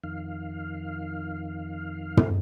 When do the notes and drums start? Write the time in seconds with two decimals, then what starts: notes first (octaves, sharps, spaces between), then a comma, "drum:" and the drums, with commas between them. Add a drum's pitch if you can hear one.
0.04 F2 D#3 F5
2.17 drum: tom